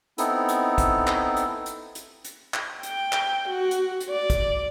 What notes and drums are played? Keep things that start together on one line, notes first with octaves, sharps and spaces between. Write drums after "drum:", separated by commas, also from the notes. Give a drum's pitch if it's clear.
B3 C4 D#4 E4 A4, drum: hi-hat
drum: hi-hat
drum: kick, hi-hat
drum: clap
drum: hi-hat
drum: hi-hat
drum: hi-hat
drum: hi-hat
drum: clap
G5, drum: hi-hat
drum: clap
F#4
drum: hi-hat
drum: hi-hat
D5
drum: kick, hi-hat